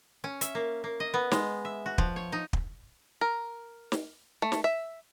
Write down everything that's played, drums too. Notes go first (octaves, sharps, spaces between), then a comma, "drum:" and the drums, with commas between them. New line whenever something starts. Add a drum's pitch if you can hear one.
C#4
E5, drum: hi-hat
A#3
A#3
D#5
B3
G#3, drum: snare
E5
F#4
F3, drum: kick
C#5
D#4
drum: kick
A#4
drum: snare
A3
drum: snare
E5